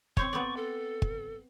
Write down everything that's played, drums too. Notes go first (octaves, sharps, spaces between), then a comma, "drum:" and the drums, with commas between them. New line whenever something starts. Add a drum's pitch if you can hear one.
C4 C5 C#5 C#6, drum: kick
B3 C4 D5
A4
drum: kick